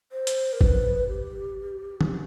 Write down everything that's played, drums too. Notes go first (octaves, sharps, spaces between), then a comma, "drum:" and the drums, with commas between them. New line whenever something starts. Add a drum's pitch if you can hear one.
C5
drum: hi-hat
A#4
B4, drum: kick
G4
drum: tom D#3